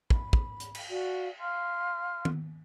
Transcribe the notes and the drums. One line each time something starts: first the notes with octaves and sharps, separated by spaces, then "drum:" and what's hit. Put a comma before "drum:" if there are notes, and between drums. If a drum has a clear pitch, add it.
B5, drum: kick
drum: kick
drum: hi-hat
drum: cymbal
F#4 D5 F5
F5 C6 F6
drum: tom D#3